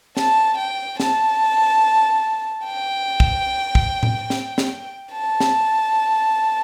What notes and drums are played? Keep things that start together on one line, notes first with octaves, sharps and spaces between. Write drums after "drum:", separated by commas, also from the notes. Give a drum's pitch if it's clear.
A5, drum: snare
G5
A5, drum: snare
G5
drum: kick
drum: kick
drum: tom A2
drum: snare
drum: snare
A5
drum: snare